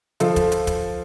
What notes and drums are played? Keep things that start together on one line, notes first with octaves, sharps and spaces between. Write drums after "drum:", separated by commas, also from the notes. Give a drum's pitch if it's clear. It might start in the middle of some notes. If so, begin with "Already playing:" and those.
F3 F4 A4, drum: hi-hat
drum: kick, hi-hat
drum: hi-hat
drum: kick, hi-hat